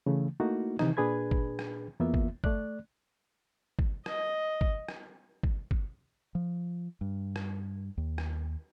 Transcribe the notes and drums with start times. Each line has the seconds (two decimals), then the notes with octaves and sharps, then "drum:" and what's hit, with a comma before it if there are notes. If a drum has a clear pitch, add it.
0.06 C#3 E3 A3
0.40 A3 A#3 D#4 E4 F#4
0.79 C3 D#3 E3 D#4, drum: rim click
0.97 A#2 D4 G#4 B4 B5 G#6
1.31 drum: kick
1.59 drum: rim click
2.00 E2 A#3 B3 F4 E5
2.14 drum: kick
2.44 A3 D5 F#6, drum: kick
3.79 drum: kick
4.06 D#5, drum: rim click
4.61 drum: kick
4.88 drum: rim click
5.43 drum: kick
5.71 drum: kick
6.35 F3
7.01 G2
7.36 drum: rim click
7.97 D#2
8.18 drum: rim click